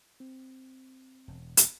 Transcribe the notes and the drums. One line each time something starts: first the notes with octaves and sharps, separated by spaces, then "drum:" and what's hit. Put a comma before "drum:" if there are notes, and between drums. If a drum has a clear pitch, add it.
C4
E1
drum: hi-hat